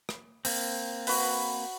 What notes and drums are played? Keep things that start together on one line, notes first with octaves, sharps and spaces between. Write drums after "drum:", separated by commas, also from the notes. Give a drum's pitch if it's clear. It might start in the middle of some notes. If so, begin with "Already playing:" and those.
drum: rim click
A#3 C4, drum: open hi-hat
F#4 B4, drum: open hi-hat